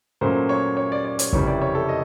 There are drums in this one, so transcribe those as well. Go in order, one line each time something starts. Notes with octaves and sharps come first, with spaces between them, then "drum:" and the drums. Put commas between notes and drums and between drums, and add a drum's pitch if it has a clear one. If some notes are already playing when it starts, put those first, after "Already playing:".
A#2 F#3 A3 C#4 C5
C#5
C#5
D5
D5
C#5, drum: hi-hat
F#1 F2 C3 E3 G3 C#5, drum: kick
D5
C#5
A4
D#5